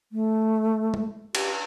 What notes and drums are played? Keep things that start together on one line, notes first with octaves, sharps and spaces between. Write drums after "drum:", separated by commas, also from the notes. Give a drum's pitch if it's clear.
A3
drum: tom
G4, drum: cymbal